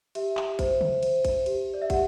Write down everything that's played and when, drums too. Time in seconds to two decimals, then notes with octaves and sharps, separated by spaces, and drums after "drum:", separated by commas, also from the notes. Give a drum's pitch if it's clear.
0.15 G4 E5, drum: cymbal
0.37 drum: clap
0.59 C5, drum: kick, cymbal
0.81 drum: tom
1.03 C5, drum: cymbal
1.25 drum: kick, cymbal
1.46 G4, drum: cymbal
1.74 D5
1.82 E5
1.90 G4 F#5, drum: kick, cymbal